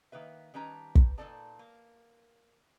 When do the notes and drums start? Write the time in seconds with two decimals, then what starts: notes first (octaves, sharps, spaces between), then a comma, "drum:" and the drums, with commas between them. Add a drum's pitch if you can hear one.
0.12 D#3 A#3 B4 E5
0.54 D#3 G3 C#4 B4 A5 A#5
0.95 drum: kick
1.18 A#2 D4 D#4 A4 D5 A5
1.59 A#3